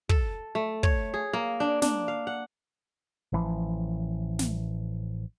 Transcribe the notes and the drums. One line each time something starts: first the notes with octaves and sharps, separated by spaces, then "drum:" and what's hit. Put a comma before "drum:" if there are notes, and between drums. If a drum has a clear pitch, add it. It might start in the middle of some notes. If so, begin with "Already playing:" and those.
A4, drum: kick
A3
C#5, drum: kick
G#4
A#3
D4
D4, drum: snare
F5
F#5
A1 E3 F3
drum: snare